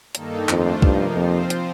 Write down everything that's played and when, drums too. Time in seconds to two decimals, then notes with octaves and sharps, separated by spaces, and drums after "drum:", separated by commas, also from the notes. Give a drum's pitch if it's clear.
0.15 G2 D#3 A#3 D#4 A4, drum: hi-hat
0.49 F2 A3 D4 F4 C5, drum: clap
0.82 G2 C3 F3 A#3 D#4, drum: kick
1.16 F2 F3 C4 F4 C5
1.50 drum: hi-hat